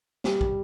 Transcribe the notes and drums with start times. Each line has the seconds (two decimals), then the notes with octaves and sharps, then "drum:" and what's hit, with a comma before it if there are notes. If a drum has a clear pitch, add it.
0.24 G3, drum: snare
0.41 drum: kick